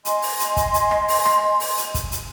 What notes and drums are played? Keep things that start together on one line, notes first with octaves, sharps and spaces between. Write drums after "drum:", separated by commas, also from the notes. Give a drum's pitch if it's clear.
D#5 G#5 C6, drum: hi-hat
drum: open hi-hat
drum: hi-hat
drum: kick, hi-hat
drum: hi-hat
drum: rim click
drum: open hi-hat
drum: rim click
drum: open hi-hat
drum: hi-hat
drum: kick, hi-hat
drum: hi-hat